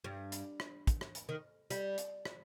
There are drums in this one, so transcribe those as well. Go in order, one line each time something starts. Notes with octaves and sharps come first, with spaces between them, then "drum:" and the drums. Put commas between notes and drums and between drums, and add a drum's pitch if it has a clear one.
G2
drum: hi-hat
drum: rim click
drum: kick, hi-hat
drum: rim click
drum: hi-hat
D#3
G3, drum: hi-hat
drum: hi-hat
drum: rim click